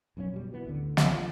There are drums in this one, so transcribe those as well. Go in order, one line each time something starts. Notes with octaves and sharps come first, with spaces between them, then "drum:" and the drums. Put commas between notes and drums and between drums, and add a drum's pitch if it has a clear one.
B1 F#2 D#3 C#4
B2 G3
E3 B3
A1 D2 D3
C2, drum: snare
D3 F3